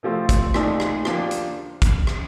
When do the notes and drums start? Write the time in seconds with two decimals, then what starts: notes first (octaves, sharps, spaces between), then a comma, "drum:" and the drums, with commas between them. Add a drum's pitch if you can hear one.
0.03 C3 F3 A3 C4 F4
0.29 drum: kick, hi-hat
0.54 A#2 A3 D#4 A4 D5, drum: rim click
0.80 drum: rim click
1.05 F3 A#3 D4 G4, drum: rim click
1.31 drum: hi-hat
1.82 drum: kick, hi-hat
2.07 drum: rim click